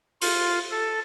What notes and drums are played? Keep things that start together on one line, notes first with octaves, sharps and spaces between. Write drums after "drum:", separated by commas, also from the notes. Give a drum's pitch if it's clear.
F4, drum: open hi-hat
A4